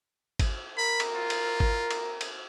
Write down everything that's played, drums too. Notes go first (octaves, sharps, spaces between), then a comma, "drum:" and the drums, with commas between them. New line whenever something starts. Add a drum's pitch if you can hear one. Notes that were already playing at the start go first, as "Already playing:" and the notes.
drum: kick G#1, cymbal
A#4 B5
drum: cymbal
F4
drum: cymbal
drum: kick G#1
drum: cymbal
drum: cymbal